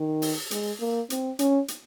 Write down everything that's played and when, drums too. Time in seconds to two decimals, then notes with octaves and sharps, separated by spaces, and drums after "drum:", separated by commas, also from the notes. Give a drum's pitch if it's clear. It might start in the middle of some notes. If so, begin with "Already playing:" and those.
Already playing: D#3
0.22 drum: open hi-hat
0.51 G#3, drum: hi-hat
0.80 A#3
1.10 C4, drum: hi-hat
1.39 C#4, drum: hi-hat
1.68 drum: hi-hat